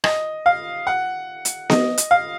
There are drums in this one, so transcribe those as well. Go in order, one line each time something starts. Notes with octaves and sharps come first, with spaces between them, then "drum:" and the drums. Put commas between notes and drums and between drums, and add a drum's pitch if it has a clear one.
D#5, drum: rim click
F5
F#5
drum: hi-hat
D#5, drum: snare B3
drum: hi-hat
F5